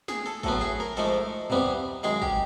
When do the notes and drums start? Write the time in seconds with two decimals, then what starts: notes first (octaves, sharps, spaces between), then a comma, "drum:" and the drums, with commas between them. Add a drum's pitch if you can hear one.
0.08 G#4, drum: snare
0.26 A4
0.43 A2 F#3 B3 A4, drum: kick
0.61 G#4
0.80 A#4
0.97 G#2 F3 A3 A4
1.50 C3 E3 G3 B3, drum: tom
2.03 F#2 D#3 G#3 G#4
2.22 G4, drum: kick